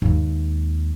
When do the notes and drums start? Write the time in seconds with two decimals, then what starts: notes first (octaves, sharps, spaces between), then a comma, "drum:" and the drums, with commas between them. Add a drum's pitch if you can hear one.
0.02 D#2 G#3, drum: tom G2